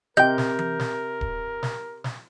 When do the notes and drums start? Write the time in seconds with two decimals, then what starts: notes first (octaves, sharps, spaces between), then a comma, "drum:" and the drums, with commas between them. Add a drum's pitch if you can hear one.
0.17 C3 A#4 D#5 G5 G6
0.38 drum: snare
0.59 drum: tom E3
0.79 drum: snare
1.21 drum: kick D1
1.63 drum: snare
2.04 drum: snare